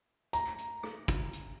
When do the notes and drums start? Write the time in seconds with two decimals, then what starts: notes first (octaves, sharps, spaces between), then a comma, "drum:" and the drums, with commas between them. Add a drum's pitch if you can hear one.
0.33 A#5, drum: hi-hat
0.58 drum: hi-hat
0.83 drum: rim click
1.08 drum: kick, hi-hat
1.33 drum: hi-hat